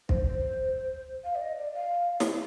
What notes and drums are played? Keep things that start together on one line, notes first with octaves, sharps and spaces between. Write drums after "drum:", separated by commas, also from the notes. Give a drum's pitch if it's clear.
C5, drum: kick
C5
F5
D5
D#5
D5
F5
drum: snare